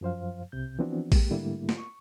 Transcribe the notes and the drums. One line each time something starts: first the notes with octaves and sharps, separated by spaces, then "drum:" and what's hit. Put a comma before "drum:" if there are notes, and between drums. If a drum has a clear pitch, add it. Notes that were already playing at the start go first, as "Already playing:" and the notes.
F#2 F3 C5 F5
C2 C3 G6
E3 F3 B3 C4 D4 F#4
C2 G#3 A#3 G4, drum: kick A#1, open hi-hat
G#2 D3 G3 A3 A#3 E4
drum: snare
C#6